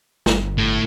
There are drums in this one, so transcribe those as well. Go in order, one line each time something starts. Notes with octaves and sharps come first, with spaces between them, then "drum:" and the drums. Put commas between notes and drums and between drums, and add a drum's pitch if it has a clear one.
G1, drum: snare
A2